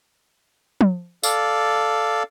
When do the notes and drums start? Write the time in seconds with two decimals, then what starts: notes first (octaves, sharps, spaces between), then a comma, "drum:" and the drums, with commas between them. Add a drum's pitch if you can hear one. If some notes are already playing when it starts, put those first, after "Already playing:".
0.81 drum: tom
1.23 A4 D5 F5, drum: tambourine